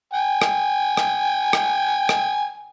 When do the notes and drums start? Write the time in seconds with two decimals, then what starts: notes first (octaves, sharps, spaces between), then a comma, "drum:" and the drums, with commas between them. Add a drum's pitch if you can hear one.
0.14 G5 G#5
0.42 drum: rim click
0.97 drum: rim click
1.53 drum: rim click
2.09 drum: rim click